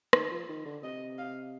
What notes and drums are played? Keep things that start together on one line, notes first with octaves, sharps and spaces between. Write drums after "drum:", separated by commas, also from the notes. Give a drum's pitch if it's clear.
D#3, drum: rim click
F3
D#3
D3
C3 D#5
F5